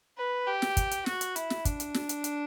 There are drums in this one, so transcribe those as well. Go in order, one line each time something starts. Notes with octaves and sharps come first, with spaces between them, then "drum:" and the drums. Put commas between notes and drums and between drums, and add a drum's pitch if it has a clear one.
B4
G4
drum: snare
drum: kick, hi-hat
drum: hi-hat
F#4, drum: snare
drum: hi-hat
E4, drum: hi-hat
drum: snare
D4, drum: kick, hi-hat
drum: hi-hat
drum: snare
drum: hi-hat
drum: hi-hat